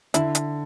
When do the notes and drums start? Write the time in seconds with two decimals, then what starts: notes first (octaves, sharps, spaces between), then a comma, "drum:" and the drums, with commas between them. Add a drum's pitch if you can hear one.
0.14 D3 E4, drum: hi-hat
0.35 drum: hi-hat